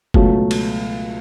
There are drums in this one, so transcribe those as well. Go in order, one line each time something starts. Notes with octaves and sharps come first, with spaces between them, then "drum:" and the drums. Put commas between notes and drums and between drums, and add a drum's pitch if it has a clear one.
C#2 B2 F#3 A3, drum: kick F#1
drum: cymbal